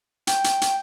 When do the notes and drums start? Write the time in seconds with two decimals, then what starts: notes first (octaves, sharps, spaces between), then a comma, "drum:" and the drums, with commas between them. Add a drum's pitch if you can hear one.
0.27 G5, drum: hi-hat
0.44 drum: hi-hat
0.61 drum: hi-hat